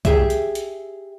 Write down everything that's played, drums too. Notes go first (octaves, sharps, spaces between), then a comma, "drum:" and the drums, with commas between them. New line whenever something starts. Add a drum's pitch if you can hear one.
G4 G#4 E5, drum: kick B1, hi-hat
drum: hi-hat
drum: hi-hat